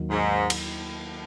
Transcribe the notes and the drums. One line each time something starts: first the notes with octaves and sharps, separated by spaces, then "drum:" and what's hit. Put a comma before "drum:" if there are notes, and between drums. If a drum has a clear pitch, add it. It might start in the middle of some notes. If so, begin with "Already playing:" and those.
Already playing: D#2 D#3 F#3
G#2
drum: cymbal